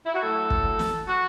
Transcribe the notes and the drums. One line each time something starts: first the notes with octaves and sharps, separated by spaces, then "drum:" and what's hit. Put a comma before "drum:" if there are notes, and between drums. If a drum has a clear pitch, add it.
E4
F#4
A2 F#3 A4
drum: kick
drum: snare
F#4